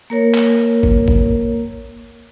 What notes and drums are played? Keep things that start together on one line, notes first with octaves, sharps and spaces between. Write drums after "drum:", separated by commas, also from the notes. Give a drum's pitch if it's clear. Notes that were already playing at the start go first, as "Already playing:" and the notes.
A#3 A#4 C#5
drum: clap
drum: kick
drum: kick